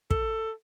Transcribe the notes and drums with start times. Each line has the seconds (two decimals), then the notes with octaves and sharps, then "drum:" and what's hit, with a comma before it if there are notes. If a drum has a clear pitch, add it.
0.11 A4, drum: kick